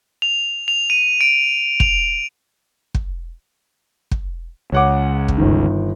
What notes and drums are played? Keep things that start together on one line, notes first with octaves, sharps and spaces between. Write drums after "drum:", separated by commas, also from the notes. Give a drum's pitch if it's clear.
F7
F7
D#7
D7
F7, drum: kick
drum: kick
drum: kick
C#2 C#5 F#5 D6
drum: kick
G1 D#3